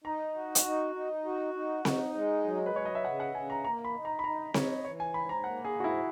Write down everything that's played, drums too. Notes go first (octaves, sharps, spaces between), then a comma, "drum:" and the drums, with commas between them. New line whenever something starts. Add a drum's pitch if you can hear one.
D#4 A#5
F#4
drum: hi-hat
D#4
D#4
F#4
D#4
D#4 F#5, drum: snare C4
G#3
F#3
B4
F#3 C#5
D#5
E5
C#3 F#5
F#5
C#3 G#5
A#5
A#3 A#5
B5
D#4
A#5
B5
D#4 A#5
D#4 C#5, drum: snare C4
E3 C#5
G#5
G#2 B5
A#5
A#3 F#5
G#4
G#2
F#4
E4